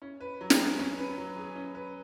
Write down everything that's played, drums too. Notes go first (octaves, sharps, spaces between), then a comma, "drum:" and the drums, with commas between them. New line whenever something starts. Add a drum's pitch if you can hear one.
C#4
B4
F#3
drum: snare
G#4
C#4
B4
F#3
G#4
C#4
B4